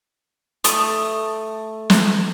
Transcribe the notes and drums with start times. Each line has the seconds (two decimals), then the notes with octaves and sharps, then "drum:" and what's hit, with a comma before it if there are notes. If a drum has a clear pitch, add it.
0.64 A3 D#6, drum: hi-hat
1.90 drum: snare